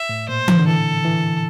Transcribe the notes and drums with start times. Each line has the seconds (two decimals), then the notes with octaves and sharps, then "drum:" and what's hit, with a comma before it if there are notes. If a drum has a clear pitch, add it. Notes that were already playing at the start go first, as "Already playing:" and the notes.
Already playing: E5
0.09 A2
0.29 A#2 C5
0.48 D3, drum: tom E3
0.59 D3
0.67 E3 A4
1.05 E3